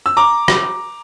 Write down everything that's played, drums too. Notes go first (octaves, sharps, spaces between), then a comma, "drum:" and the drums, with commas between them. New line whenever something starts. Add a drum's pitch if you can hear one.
E6
A#5 D6
drum: rim click